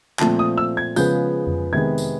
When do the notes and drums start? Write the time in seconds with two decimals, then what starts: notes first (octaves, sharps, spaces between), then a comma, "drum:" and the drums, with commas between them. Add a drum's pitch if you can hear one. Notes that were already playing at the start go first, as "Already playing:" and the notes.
0.19 A#2 F3 A3 C4 A5, drum: clap
0.39 D#6
0.58 E6
0.77 G#6
0.96 C#3 F3 G#3 B3 G6, drum: tambourine
1.47 drum: tom F2
1.72 C3 D#3 G#3 B3 G#6
1.98 drum: tambourine